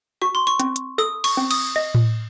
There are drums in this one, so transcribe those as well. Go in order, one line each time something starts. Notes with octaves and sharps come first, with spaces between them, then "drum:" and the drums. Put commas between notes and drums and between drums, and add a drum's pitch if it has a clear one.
F#4 C#6
C6
C#6
C4, drum: hi-hat
drum: hi-hat
A4 D#6
C#6, drum: cymbal
C4
D#6, drum: cymbal
D#5
drum: tom A2